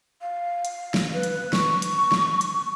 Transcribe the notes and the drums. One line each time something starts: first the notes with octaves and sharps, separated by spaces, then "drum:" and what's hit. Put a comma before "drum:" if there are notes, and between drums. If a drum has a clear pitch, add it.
F5
drum: hi-hat
drum: snare
B4
drum: hi-hat
C#6, drum: snare
drum: hi-hat
drum: snare
drum: hi-hat